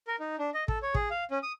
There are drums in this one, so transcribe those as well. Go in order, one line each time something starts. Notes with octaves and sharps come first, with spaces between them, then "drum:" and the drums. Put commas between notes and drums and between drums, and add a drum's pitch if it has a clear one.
A#4
D#4
D4
D#5
A4, drum: kick
C#5
G#4, drum: kick
F5
C#4
D#6